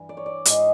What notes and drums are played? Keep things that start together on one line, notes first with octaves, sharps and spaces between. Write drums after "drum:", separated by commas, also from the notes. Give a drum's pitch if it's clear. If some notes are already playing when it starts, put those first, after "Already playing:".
Already playing: G2 E3
D5
C#5
D5
G#2 E3 D#5, drum: hi-hat